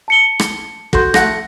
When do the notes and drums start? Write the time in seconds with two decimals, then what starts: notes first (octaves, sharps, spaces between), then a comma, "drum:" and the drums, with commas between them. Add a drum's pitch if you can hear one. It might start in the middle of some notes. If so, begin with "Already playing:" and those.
0.08 A5 C#7 G7
0.39 drum: rim click
0.93 F#4 A4 C6 G6, drum: kick
1.14 A3 F#5 A#6, drum: rim click